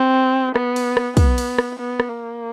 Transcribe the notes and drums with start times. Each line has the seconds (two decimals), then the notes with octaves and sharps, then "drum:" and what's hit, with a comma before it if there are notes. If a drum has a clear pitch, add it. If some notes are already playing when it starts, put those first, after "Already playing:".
Already playing: C4
0.56 B3, drum: rim click
0.76 drum: cymbal
0.97 drum: rim click
1.17 B3, drum: kick, cymbal
1.38 drum: cymbal
1.58 drum: rim click
1.79 B3
2.00 drum: rim click
2.09 A#3